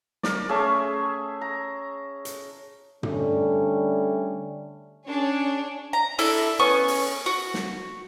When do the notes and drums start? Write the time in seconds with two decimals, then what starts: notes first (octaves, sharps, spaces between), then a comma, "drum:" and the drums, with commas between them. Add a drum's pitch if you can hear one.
0.23 A#4 D5, drum: snare
0.49 A3 C#4 G#4 E5
1.41 A#5
2.25 drum: hi-hat
3.03 D3 G3 A3 C#4, drum: tom
5.07 C#4 D4 G#4 C#5
5.93 A#5
6.18 D4 E4 A4, drum: open hi-hat
6.59 B3 C#4 C#6
6.88 drum: open hi-hat
7.26 F#4
7.54 drum: snare